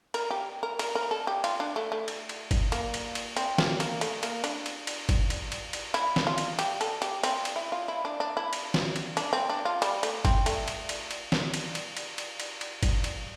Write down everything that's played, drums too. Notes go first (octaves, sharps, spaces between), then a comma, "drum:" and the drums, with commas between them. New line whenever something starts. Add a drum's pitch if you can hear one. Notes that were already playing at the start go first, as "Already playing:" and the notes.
A#4, drum: cymbal
G4
A#4
A#4, drum: cymbal
A#4
A4
G4
F4, drum: cymbal
D4
A3
A3
drum: cymbal
drum: cymbal
drum: kick G1, cymbal
A#3, drum: cymbal
drum: cymbal
drum: cymbal
C4, drum: cymbal
A#3, drum: snare
A#3, drum: cymbal
A3, drum: cymbal
A#3, drum: cymbal
D4, drum: cymbal
drum: cymbal
drum: cymbal
drum: kick G1, cymbal
drum: cymbal
drum: cymbal
drum: cymbal
E4, drum: cymbal
drum: snare
F4
drum: cymbal
G4, drum: cymbal
A4, drum: cymbal
G4, drum: cymbal
C4, drum: cymbal
drum: cymbal
E4
F4
E4
D4
D4
E4
drum: cymbal
drum: snare
drum: cymbal
D4, drum: cymbal
C4
D4
F4
G3, drum: cymbal
A3, drum: cymbal
C4, drum: kick G1, cymbal
A3, drum: cymbal
drum: cymbal
drum: cymbal
drum: cymbal
drum: snare
drum: cymbal
drum: cymbal
drum: cymbal
drum: cymbal
drum: cymbal
drum: cymbal
drum: kick G1, cymbal
drum: cymbal